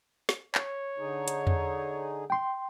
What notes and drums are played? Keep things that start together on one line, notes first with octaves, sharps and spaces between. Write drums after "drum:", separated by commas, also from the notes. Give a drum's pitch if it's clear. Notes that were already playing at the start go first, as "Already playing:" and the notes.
drum: snare
C#5, drum: clap
D3 D#4 G#4
drum: hi-hat
drum: tom E2
G5 C6